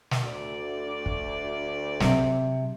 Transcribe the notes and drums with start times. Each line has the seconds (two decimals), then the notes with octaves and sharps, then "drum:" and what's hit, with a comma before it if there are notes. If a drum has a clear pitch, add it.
0.11 drum: snare
0.21 D2 D5
1.06 drum: kick
2.00 C3 F#3 D4, drum: snare